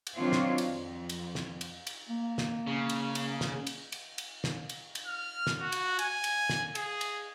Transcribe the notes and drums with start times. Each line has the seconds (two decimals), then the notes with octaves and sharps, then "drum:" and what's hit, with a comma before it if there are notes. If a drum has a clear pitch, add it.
0.07 drum: cymbal
0.17 D#3 F#3 C4 D4 F4 C#5
0.32 drum: snare
0.58 drum: cymbal
0.68 F2
1.09 drum: cymbal
1.35 drum: snare
1.61 drum: cymbal
1.87 drum: cymbal
2.09 A#3
2.38 drum: snare
2.67 C#3
2.89 drum: cymbal
3.15 drum: cymbal
3.41 drum: snare
3.67 drum: cymbal
3.92 drum: cymbal
4.18 drum: cymbal
4.44 drum: snare
4.69 drum: cymbal
4.95 drum: cymbal
5.07 F6
5.47 drum: snare
5.60 F#4
5.72 drum: cymbal
5.99 G#5, drum: cymbal
6.24 drum: cymbal
6.49 drum: snare
6.75 G#4, drum: cymbal
7.01 drum: cymbal